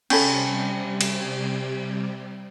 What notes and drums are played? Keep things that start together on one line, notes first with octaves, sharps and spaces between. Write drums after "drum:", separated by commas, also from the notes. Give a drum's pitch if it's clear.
C3 G3 C#4 A4 G5 G#5 B5, drum: cymbal
drum: cymbal